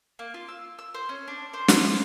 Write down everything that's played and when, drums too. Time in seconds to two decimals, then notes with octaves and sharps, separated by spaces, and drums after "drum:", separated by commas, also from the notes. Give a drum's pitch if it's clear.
0.19 A#3
0.34 F4
0.48 E6
0.79 E6
0.94 C5
1.09 C#4
1.28 D4
1.53 C5
1.68 drum: snare
1.82 C6